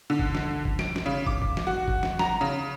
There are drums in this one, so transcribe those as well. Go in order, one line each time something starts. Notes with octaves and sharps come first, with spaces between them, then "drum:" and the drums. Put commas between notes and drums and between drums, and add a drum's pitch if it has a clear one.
D3
drum: kick
drum: snare
drum: kick
D7, drum: snare
drum: snare
C#3
D6, drum: kick
drum: kick
drum: snare
F#4
drum: kick
drum: snare
A#5, drum: snare
C#3